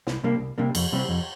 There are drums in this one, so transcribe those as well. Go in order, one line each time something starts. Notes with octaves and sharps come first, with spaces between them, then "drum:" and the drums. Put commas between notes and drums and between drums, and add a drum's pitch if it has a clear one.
C2, drum: snare
C3 G3 A#3 D4
C2
C3 G3 A#3 D4
F2, drum: cymbal
C3 G3 C4
F2